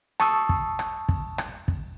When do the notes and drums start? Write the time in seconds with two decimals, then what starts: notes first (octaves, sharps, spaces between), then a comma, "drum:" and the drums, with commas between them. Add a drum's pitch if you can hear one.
0.20 A5 C#6 D#6 E6, drum: rim click
0.49 drum: kick
0.79 drum: rim click
1.09 drum: kick
1.38 drum: rim click
1.68 drum: kick